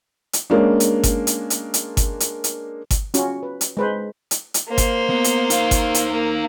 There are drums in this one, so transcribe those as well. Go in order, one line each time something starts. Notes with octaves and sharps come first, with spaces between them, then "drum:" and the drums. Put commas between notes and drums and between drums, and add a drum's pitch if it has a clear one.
drum: hi-hat
G#3 A#3 C#4 D4
drum: hi-hat
drum: kick G1, hi-hat
drum: hi-hat
drum: hi-hat
drum: hi-hat
drum: kick G1, hi-hat
drum: hi-hat
drum: hi-hat
drum: kick G1, hi-hat
C#4 F4 F#4, drum: hi-hat
B4
drum: hi-hat
G#3 B4 C5
drum: hi-hat
drum: hi-hat
A#3 C5
drum: kick G1, hi-hat
B3
drum: hi-hat
D#4 F5, drum: hi-hat
drum: kick G1, hi-hat
drum: hi-hat
A#3